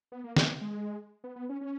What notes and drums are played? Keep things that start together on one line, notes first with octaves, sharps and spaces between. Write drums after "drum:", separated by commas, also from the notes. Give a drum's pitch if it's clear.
B3
A#3
A#3, drum: snare
G#3
B3
B3
C#4
C#4